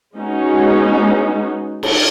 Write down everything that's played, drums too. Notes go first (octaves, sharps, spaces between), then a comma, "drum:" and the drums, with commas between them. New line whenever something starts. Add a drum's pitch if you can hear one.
G#3 B3 C#4 D#4 F#4
drum: cymbal